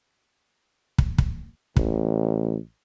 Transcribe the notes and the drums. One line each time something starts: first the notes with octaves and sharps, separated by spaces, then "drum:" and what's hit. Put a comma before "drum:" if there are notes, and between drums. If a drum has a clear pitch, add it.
drum: kick
drum: kick
A1, drum: kick